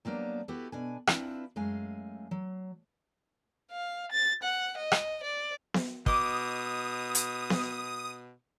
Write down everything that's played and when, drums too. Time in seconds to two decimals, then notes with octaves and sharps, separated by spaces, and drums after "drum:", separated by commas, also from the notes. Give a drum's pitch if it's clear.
0.05 F#3 G3 A#3 B3 D4
0.48 B3 E4 F#4 G4 A4
0.72 B2 D4 G#5
1.07 C4 D4 E4 F4 B4, drum: rim click
1.56 F#2 G#3 A3 F5 G#5
2.31 F#3
3.72 F5
4.12 A6
4.43 F#5
4.77 D#5
4.92 drum: rim click
5.23 D5
5.74 drum: snare B3
6.06 B2 D#5 D6 D#6, drum: kick
7.15 drum: hi-hat
7.50 drum: snare B3